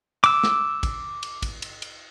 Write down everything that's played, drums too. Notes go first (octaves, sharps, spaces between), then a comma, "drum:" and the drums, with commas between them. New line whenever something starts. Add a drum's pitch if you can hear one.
D6 E6, drum: cymbal
drum: snare
drum: kick, cymbal
drum: cymbal
drum: kick, cymbal
drum: cymbal
drum: cymbal